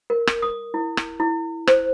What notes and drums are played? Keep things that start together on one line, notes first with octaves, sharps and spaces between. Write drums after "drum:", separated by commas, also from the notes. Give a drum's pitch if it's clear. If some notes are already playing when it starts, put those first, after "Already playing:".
A#4
drum: rim click
D#6
E4
drum: rim click
E4
C5, drum: rim click